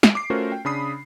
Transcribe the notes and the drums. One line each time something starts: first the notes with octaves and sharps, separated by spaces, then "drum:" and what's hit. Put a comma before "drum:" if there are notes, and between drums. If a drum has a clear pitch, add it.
drum: snare
D6 C7
A3 C#4 F4 F#4 A#4 C5
G5
C#3 D4 B5 D#6 C7